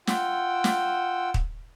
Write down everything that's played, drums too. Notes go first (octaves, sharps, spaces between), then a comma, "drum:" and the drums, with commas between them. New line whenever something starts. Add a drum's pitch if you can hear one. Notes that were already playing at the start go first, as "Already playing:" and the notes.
F4 F#5 G5 E6, drum: snare
drum: snare
drum: kick